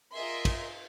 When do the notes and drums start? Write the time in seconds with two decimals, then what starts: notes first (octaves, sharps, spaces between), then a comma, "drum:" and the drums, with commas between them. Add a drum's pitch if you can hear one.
0.15 F4 G#4 A#4 D#5 E5 C6
0.45 drum: kick, cymbal